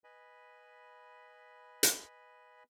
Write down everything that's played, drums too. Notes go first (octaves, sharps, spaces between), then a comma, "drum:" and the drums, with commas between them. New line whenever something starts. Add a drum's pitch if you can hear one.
B4 D#5 G#5 B5
drum: hi-hat